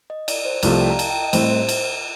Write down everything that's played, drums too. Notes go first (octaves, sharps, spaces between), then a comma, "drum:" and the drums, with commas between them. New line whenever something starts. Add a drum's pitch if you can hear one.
D#5
D5, drum: cymbal
C5
C2 C3 F3 A3 D5, drum: cymbal
F5
G5
A#5
A5, drum: cymbal
G5
D#5
A2 G3 C4 G4 C5, drum: cymbal
C5
drum: cymbal